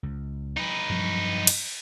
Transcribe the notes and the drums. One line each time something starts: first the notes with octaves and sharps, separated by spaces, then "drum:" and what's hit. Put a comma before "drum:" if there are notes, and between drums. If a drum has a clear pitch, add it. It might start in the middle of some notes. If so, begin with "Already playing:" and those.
C#2
D#4 B4
G2 F3 F#3
drum: cymbal